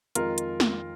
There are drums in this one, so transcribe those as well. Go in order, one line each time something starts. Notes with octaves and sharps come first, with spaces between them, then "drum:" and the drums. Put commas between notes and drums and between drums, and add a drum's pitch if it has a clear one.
F2 D#3 G#3 F4 A#4, drum: hi-hat
drum: hi-hat
drum: snare